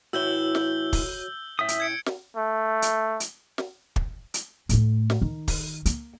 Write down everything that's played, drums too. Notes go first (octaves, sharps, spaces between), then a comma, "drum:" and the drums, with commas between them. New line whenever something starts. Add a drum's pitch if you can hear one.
A2 E3 E4 F#4 C#5 E6 G6 G7
drum: snare
drum: kick, open hi-hat
F#2 A2 E5 D#6
drum: hi-hat
G#6 C#7 D7
drum: snare
A3
drum: hi-hat
drum: hi-hat
drum: snare
drum: kick
drum: hi-hat
A2 A3, drum: hi-hat
drum: snare
D#3
drum: kick, open hi-hat
A#3, drum: hi-hat